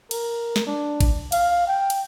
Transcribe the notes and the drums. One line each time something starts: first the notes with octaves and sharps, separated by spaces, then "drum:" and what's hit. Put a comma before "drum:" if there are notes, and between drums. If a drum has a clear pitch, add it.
A#4, drum: cymbal
drum: snare
D4
drum: kick G#1, cymbal
F5, drum: cymbal
G5
drum: cymbal